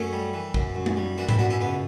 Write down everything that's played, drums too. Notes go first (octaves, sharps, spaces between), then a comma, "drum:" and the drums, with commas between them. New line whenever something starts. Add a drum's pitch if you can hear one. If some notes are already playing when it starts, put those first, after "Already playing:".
Already playing: F#2 A3 C#4
G3
E3
F#2, drum: kick
F#2
drum: tom G#3
G3
E3 D4 F#4
E4 G4, drum: tom G#2
F#2 D4 F#4
C#4 E4
C#2 B3